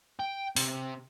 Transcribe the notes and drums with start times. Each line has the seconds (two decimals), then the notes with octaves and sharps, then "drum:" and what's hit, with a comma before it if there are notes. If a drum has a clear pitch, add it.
0.20 G5
0.56 C3, drum: open hi-hat